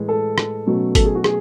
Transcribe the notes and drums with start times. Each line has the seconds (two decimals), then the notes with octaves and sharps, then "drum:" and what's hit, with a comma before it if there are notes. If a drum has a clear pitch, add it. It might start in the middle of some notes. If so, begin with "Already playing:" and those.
Already playing: A2 E3 G#3
0.08 A4
0.38 drum: rim click
0.67 B2 F#3 A3 C#4
0.95 A4, drum: kick G#1, hi-hat
1.05 G#4
1.15 F#4
1.24 G#4, drum: rim click